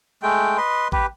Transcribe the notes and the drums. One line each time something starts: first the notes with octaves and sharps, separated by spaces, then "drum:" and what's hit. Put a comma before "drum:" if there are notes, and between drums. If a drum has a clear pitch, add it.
G#3 A3 G5
B4 D#5 C6
G4 B4, drum: kick A1